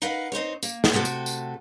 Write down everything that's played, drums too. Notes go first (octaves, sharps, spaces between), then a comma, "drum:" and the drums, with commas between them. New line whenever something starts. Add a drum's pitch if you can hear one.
D#4 A#4 B4 F5 F#5
C4 D#4 C5 C#5
A#3, drum: tambourine
drum: snare
C3 A3 F#4 A4 G5
drum: tambourine
drum: tambourine